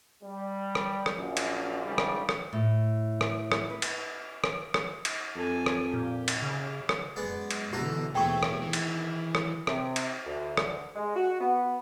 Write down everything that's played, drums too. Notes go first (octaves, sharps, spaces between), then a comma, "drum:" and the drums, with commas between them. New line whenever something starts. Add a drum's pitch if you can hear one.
G3
drum: rim click
drum: rim click
A#1 F#2
drum: cymbal
A#1 G#2 C#3 G3
drum: rim click
drum: rim click
A2
drum: rim click
drum: rim click
B4
drum: cymbal
drum: rim click
drum: rim click
drum: cymbal
F2 A4 G#5
drum: rim click
A#2 G4
drum: cymbal
C#3
drum: rim click
F#2 G#3 B3 D5
drum: cymbal
B2 D3 E3 F#4 G4 A4 A#5
D#2 B2 A3 C4 G#4 G5 C#6
drum: rim click
D#3 E3
drum: cymbal
drum: rim click
C3, drum: rim click
drum: cymbal
D2
drum: rim click
G#3
F#4
B3